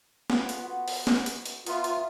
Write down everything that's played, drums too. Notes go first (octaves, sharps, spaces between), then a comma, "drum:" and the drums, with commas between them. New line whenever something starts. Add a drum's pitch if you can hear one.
B3 F4 A4, drum: snare
drum: hi-hat
B3 F#4 F#5 C6
drum: open hi-hat
drum: snare
drum: hi-hat
drum: hi-hat
B3 F4 C#5 E5 A#5, drum: hi-hat
drum: hi-hat